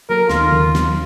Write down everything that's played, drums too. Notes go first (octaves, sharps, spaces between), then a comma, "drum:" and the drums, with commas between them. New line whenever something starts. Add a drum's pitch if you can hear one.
F#3 A#3 A4 A#4
D#2 D#3 F4, drum: snare
drum: tom C#3
drum: snare